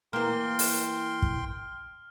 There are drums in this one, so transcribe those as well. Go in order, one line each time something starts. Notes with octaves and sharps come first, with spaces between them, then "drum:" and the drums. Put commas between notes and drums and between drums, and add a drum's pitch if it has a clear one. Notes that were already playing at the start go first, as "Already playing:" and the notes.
E3 A#3 G5 C6 F6
drum: open hi-hat
drum: kick